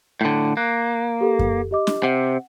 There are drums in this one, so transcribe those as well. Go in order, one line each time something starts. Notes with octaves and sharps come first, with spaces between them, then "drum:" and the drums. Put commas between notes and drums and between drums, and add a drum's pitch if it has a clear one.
A2 D3
A#3 F#6
G4 A4
drum: kick F#2
G4 D#5 D6
drum: snare
C3 F#5